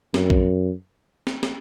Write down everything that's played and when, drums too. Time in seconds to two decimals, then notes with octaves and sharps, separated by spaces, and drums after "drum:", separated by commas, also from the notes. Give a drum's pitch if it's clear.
0.14 F#2, drum: snare
0.30 drum: kick
1.27 drum: snare
1.43 drum: snare